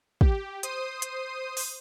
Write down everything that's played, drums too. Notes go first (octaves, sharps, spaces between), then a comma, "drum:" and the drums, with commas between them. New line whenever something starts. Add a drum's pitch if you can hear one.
G4, drum: kick
C5 D#6 C7 D#7, drum: hi-hat
drum: hi-hat
drum: open hi-hat